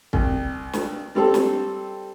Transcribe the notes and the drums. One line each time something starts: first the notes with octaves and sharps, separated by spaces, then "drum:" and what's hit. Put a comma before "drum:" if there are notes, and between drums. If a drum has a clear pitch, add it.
C2, drum: kick
drum: snare
G3 C4 A4
drum: snare